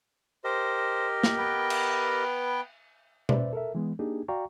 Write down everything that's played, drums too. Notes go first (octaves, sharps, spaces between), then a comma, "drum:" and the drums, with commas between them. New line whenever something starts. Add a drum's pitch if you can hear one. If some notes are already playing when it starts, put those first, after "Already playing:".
G4 A#4 C5 D#5
drum: snare
B3 B4 G5
drum: cymbal
B4 C5 D5 E5, drum: tom B2
A4 A#4 E5
E3 G#3 B3
A#3 D4 D#4 G4 G#4
F#4 D5 F5 G5 A#5 C#6